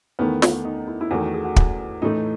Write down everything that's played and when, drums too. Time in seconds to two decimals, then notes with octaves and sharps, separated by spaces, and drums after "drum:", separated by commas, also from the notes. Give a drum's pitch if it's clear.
0.19 E2 D#3 A3 B3
0.42 drum: snare
0.65 D#4
0.87 E4
1.01 E4
1.11 E2 D#3 A3 F#4
1.23 F#4
1.34 G#4
1.44 F#4
1.56 drum: kick
2.02 A2 E3 A3 D#4